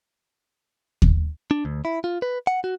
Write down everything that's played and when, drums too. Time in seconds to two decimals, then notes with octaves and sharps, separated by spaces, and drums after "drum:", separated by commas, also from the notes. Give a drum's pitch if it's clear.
1.02 drum: kick D#2
1.51 D4
1.65 D2
1.85 E4
2.04 F4
2.22 B4
2.47 F#5
2.64 F#4